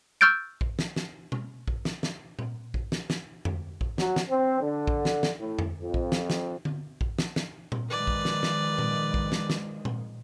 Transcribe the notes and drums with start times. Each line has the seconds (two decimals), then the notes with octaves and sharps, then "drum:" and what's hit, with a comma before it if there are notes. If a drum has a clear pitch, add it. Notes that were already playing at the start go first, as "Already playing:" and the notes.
0.21 C#6 E6 F6 G6 A6 D7
0.61 drum: kick A#1
0.79 drum: snare
0.96 drum: snare
1.32 drum: tom B2
1.68 drum: kick A#1
1.85 drum: snare
2.03 drum: snare
2.39 drum: tom A#2
2.74 drum: kick A#1
2.92 drum: snare
3.10 drum: snare
3.45 drum: tom F2
3.81 drum: kick A#1
3.98 F#3, drum: snare
4.16 drum: snare
4.29 C4
4.60 D3
4.87 drum: kick A#1
5.05 drum: snare
5.23 drum: snare
5.39 A2
5.59 drum: tom F2
5.80 F2
5.94 drum: kick A#1
6.12 drum: snare
6.30 drum: snare
6.65 drum: tom D3
7.01 drum: kick A#1
7.19 drum: snare
7.36 drum: snare
7.72 drum: tom A#2
7.90 D#3 F3 G#3 B4 D5
8.07 drum: kick A#1
8.25 drum: snare
8.43 drum: snare
8.78 drum: tom A#2
9.14 drum: kick A#1
9.32 drum: snare
9.50 drum: snare
9.85 drum: tom A#2